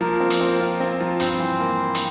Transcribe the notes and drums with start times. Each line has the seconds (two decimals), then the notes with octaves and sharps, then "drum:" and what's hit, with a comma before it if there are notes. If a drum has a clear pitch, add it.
0.01 F3 A#3 A#4
0.20 C4
0.30 drum: hi-hat
0.41 C4
0.60 F4
0.80 C4
1.00 F3
1.20 G2 C4 C5, drum: hi-hat
1.40 E3
1.60 A#3
1.80 A#3
1.95 drum: hi-hat